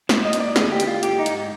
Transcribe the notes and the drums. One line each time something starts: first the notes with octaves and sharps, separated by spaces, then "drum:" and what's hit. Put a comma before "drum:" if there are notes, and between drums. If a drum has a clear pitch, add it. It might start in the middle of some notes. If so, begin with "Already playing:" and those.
G#2 C5, drum: snare
D#5
A#3, drum: hi-hat
D5
D3 G#4, drum: snare
G4
D3, drum: hi-hat
F4
G#2 G4, drum: hi-hat
D#4
G#2, drum: hi-hat